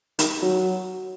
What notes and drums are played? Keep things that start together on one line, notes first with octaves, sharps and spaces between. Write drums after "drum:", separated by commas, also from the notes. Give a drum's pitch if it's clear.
D#3, drum: hi-hat
F#3